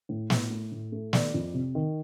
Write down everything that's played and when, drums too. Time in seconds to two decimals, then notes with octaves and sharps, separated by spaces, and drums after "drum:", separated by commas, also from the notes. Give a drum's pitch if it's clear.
0.09 A2
0.30 A2, drum: snare
0.50 A3
0.72 A2
0.92 A3
1.13 D#3 D5, drum: snare
1.34 F2
1.54 C3
1.75 D#3